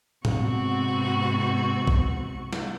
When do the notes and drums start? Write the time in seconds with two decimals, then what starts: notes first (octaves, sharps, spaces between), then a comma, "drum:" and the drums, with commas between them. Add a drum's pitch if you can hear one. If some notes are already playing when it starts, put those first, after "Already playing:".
0.25 G#2 C3 B3 C4 F#4 C#6, drum: tom A2
1.87 drum: kick A#1
2.53 drum: snare